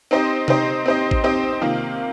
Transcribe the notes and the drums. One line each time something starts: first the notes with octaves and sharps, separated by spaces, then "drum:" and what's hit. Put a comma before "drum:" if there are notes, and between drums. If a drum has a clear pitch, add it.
C4 D#4 G4 C5 D#5
C4 D#4 G4 C5 D#5, drum: tom C3
C4 D#4 G4 C5 D#5
drum: kick
C4 D#4 G4 C5 D#5
C3 D#3 A#3 F4